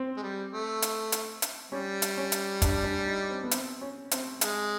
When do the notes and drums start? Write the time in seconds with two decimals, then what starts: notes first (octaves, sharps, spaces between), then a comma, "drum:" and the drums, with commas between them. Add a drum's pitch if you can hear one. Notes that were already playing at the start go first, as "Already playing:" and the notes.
Already playing: C4
0.17 G#3
0.23 G3
0.53 A3
0.82 drum: hi-hat
1.12 drum: hi-hat
1.42 drum: hi-hat
1.71 G3 C#4
2.02 drum: hi-hat
2.17 C#4
2.32 drum: hi-hat
2.62 D4, drum: kick, hi-hat
2.84 D4
3.06 D#4
3.30 C4
3.43 B3
3.51 C4, drum: hi-hat
3.81 C#4
4.11 C4, drum: hi-hat
4.41 G#3, drum: hi-hat